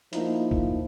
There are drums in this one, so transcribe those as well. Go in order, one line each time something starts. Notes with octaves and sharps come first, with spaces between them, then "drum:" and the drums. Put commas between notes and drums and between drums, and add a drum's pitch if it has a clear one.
F3 A#3 D#4 E4, drum: hi-hat
drum: kick